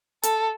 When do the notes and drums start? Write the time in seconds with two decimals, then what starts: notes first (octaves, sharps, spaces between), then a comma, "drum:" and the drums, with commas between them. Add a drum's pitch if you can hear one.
0.23 A4, drum: hi-hat